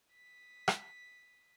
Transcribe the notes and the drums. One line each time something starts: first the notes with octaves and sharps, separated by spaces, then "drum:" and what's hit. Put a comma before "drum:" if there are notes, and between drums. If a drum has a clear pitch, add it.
D#6 B6
drum: rim click